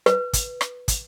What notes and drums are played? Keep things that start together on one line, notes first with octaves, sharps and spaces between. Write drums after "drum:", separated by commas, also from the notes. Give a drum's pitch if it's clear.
B4, drum: rim click
drum: kick, hi-hat
drum: rim click
drum: kick, hi-hat